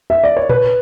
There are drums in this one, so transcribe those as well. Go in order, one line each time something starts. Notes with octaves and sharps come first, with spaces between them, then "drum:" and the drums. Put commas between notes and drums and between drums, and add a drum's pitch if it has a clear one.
E5
D5
C#5
B4, drum: tom A#2